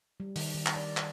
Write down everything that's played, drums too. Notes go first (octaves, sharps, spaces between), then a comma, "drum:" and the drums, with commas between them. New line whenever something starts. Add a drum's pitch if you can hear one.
G3
D#3, drum: open hi-hat
D#3
drum: clap
D5
drum: clap